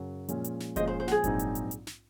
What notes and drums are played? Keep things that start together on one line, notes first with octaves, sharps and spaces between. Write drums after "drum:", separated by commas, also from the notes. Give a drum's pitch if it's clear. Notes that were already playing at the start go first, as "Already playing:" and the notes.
Already playing: F#2 C#3 F#3
A#2 F3 G#3 C#4 F4, drum: hi-hat
drum: hi-hat
drum: snare
A#2 F3 G#3 C#4 F4 C5 D#5, drum: kick F#1, hi-hat
C5
C5
F#4, drum: snare
G#4
A#1 G#2 F#3 C4 D#4, drum: kick F#1, hi-hat
drum: hi-hat
drum: hi-hat
drum: hi-hat
drum: snare